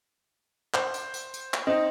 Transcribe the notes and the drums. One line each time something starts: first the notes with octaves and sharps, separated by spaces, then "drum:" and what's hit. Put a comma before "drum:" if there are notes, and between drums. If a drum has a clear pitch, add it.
C5, drum: clap
drum: tambourine
drum: tambourine
drum: tambourine
drum: clap
C4 D#4 D#5